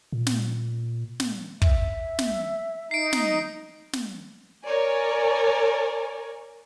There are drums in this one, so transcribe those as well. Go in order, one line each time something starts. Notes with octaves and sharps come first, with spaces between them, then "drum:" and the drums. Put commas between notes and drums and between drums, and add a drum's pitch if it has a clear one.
A#2
drum: snare
drum: snare
E5, drum: kick
drum: snare
D#4 C7 D7
drum: snare
drum: snare
A#4 C#5 D5 G#5